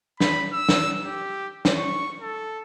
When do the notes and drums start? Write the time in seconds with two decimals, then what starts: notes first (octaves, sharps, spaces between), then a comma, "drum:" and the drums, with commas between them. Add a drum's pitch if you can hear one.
0.20 B5, drum: snare
0.53 E6
0.69 drum: snare
1.01 G4
1.65 drum: snare
1.77 C#6
2.21 A4